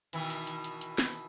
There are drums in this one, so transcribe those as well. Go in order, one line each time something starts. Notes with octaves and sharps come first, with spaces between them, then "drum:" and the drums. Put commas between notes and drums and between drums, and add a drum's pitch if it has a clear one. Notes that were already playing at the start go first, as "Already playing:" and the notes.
B2 D#3 E3, drum: hi-hat
drum: hi-hat
drum: hi-hat
drum: hi-hat
drum: hi-hat
drum: snare